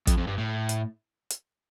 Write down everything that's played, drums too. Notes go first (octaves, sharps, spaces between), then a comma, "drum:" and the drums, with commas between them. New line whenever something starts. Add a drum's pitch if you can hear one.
F2, drum: kick, hi-hat
F2
G2
A2
drum: hi-hat
drum: hi-hat